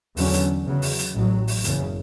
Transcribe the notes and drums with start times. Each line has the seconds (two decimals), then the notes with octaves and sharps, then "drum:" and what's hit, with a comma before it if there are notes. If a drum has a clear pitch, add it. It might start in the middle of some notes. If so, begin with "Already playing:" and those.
0.17 E2 D3 F#3 C#4, drum: open hi-hat
0.33 drum: hi-hat
0.66 E2 C#3 F#3
0.82 drum: open hi-hat
0.98 drum: hi-hat
1.14 A1 A2 F#3
1.48 drum: open hi-hat
1.64 F#1 E2 C#3, drum: hi-hat